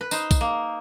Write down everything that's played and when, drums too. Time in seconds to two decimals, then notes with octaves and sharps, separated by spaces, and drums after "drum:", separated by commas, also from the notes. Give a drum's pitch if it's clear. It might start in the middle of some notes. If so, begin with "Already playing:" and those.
0.01 B4
0.11 D#4 C5, drum: tambourine
0.31 drum: kick B1, tambourine
0.41 A#3